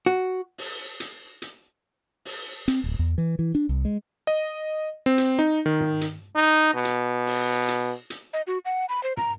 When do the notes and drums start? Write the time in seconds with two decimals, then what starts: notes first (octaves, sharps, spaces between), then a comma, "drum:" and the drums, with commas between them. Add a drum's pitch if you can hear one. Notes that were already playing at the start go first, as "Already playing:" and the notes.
0.06 F#4
0.58 drum: open hi-hat
1.00 drum: hi-hat
1.42 drum: hi-hat
2.25 drum: open hi-hat
2.68 C4, drum: hi-hat
2.84 D1
2.99 E2
3.18 E3
3.39 E3
3.55 D4
3.69 C2
3.85 G#3
4.27 D#5
5.06 C4
5.18 drum: hi-hat
5.39 D#4
5.66 D#3
5.80 drum: tom
6.01 drum: hi-hat
6.36 D#4
6.74 B2
6.85 drum: hi-hat
7.27 drum: open hi-hat
7.68 drum: hi-hat
8.10 drum: hi-hat
8.33 D#5
8.47 F#4
8.65 F#5
8.89 B5
9.03 C5
9.17 A#5, drum: tom